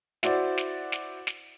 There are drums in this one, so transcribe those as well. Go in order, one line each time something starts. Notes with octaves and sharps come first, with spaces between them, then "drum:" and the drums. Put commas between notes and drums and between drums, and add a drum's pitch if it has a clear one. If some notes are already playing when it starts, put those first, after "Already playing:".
E4 F#4 C5 D5, drum: snare
drum: snare
drum: snare
drum: snare